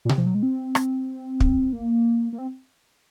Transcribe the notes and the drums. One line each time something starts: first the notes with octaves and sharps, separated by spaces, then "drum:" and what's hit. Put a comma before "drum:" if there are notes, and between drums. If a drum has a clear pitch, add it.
A#2
C3, drum: tom B2
F3
F#3
G#3
C4
drum: rim click
drum: kick
A#3
A#3
C4